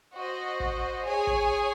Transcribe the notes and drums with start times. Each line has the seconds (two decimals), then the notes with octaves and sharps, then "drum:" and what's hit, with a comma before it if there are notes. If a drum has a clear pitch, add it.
0.15 F#4 C5 D#5
0.60 drum: kick
1.05 G#4 C#5 G#5
1.27 drum: kick